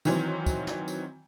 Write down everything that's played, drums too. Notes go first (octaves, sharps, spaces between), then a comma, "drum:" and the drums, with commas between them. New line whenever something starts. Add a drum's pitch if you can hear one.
D#3 E3 F#3 C4, drum: tambourine
drum: kick, tambourine
drum: snare
drum: tambourine